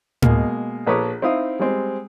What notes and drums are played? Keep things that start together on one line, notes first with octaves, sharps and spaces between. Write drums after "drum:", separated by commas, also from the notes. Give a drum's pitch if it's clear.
B2 G#3 A#3, drum: tom A2
A#1 A4 B4 C#5 D6 D#6
C4 D#4 E4 F5 D#6
G3 G#3 C4